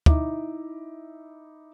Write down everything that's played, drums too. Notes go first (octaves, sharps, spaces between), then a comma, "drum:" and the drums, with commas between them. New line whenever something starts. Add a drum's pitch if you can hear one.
D#4 E4 E5 D6, drum: kick